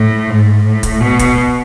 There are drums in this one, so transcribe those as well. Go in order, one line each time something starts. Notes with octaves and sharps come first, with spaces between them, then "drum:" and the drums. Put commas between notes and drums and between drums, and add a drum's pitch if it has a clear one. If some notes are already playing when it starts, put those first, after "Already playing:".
Already playing: A2
G#2
A2
drum: kick, hi-hat
B2
drum: kick, hi-hat